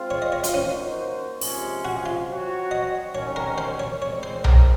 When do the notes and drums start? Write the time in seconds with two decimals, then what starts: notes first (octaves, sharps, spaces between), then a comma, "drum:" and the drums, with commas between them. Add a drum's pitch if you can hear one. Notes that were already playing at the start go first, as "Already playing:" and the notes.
Already playing: G#3 C4 F4
0.11 C#5
0.22 D#5
0.32 C#5
0.44 F4, drum: hi-hat
0.53 A#3 C#4 D#4 F#4 C5
1.41 C3 F3 G#3 C#4, drum: open hi-hat
1.85 F#4
2.06 F4
2.27 F#3 C4 F#4 C#5
2.71 D#5
3.14 C3 D#3 F#3 C#4 C#5
3.36 A#4
3.58 C5
3.80 C#5
4.02 A#2 G#3 C4 C#5
4.23 C5
4.44 A#4, drum: tom B1